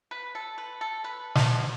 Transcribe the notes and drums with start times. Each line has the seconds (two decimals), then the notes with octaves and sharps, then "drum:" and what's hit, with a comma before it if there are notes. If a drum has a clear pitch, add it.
0.11 B4
0.35 A4
0.58 B4
0.81 A4
1.04 B4
1.35 A4, drum: snare